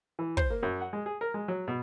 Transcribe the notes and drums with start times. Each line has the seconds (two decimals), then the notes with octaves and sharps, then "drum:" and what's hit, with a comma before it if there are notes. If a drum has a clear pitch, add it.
0.19 E3
0.37 C5, drum: kick
0.50 A#3
0.63 F#2
0.81 F#5
0.93 G#3
1.06 G#4
1.21 A#4
1.34 G#3
1.48 F#3
1.68 B2